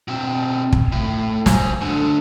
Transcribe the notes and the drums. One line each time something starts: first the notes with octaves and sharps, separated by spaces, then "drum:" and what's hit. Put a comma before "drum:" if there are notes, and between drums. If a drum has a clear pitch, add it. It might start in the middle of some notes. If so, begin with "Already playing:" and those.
B2 C4
drum: kick
A2
C5 G#5, drum: snare
D2 D3